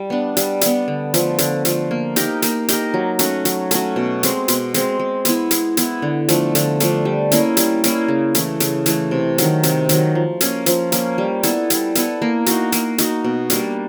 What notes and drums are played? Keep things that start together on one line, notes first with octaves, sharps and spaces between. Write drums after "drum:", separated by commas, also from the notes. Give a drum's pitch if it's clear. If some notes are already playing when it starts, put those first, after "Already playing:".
Already playing: G3
B3 D4
G3, drum: hi-hat
B3 D4, drum: hi-hat
D3
F3 A3, drum: hi-hat
D3, drum: hi-hat
F3 A3, drum: hi-hat
A#3
D#4 G4 A#4, drum: hi-hat
A#3, drum: hi-hat
D#4 G4 A#4, drum: hi-hat
F#3
A3 C#4 F#4, drum: hi-hat
F#3, drum: hi-hat
A3 C#4 F#4, drum: hi-hat
B2
G#3 C4, drum: hi-hat
B2, drum: hi-hat
G#3 C4, drum: hi-hat
G#3
B3 E4, drum: hi-hat
G#3, drum: hi-hat
B3 E4, drum: hi-hat
D3
F3 A3 D4, drum: hi-hat
D3, drum: hi-hat
F3 A3 D4, drum: hi-hat
G3
A#3 C#4 E4, drum: hi-hat
G3, drum: hi-hat
A#3 C#4 E4, drum: hi-hat
C#3
E3 A3, drum: hi-hat
C#3, drum: hi-hat
E3 A3, drum: hi-hat
C3
D#3 F#3, drum: hi-hat
C3, drum: hi-hat
D#3 F#3, drum: hi-hat
F3
A#3 C#4, drum: hi-hat
F3, drum: hi-hat
A#3 C#4, drum: hi-hat
G3
B3 E4 A4, drum: hi-hat
G3, drum: hi-hat
B3 E4 A4, drum: hi-hat
A#3
D#4 F#4, drum: hi-hat
A#3, drum: hi-hat
D#4 F#4, drum: hi-hat
B2
G3 A#3 D4, drum: hi-hat